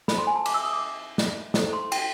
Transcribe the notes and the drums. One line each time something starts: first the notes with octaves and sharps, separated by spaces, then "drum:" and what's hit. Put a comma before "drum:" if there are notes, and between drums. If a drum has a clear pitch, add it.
F4 A4 C5 B5, drum: snare
C6
G#5
A5
D6, drum: cymbal
E6
D#6
D6
drum: snare
E4 A4 C5 C#6, drum: snare
C6
G5, drum: cymbal